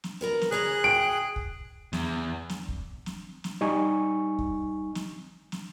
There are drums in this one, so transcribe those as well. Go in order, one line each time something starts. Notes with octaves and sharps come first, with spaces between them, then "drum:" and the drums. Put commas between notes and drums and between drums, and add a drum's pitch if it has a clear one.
drum: snare
B3 A#4 A#5
drum: snare
C#3 G#4 C#5 A#5 F#6
G5 D7
drum: kick
E2, drum: snare
drum: snare
drum: kick
drum: snare
drum: snare
G3 D#4 G#5 C#6
drum: kick
drum: snare
drum: snare